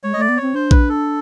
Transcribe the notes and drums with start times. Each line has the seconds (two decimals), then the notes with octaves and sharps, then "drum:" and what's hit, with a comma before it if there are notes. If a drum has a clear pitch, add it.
0.03 G#3 C#5
0.14 D#5
0.16 A3 D5
0.29 B3
0.37 C4 C#5
0.54 D4 C5
0.71 B4, drum: kick A#1
0.89 A4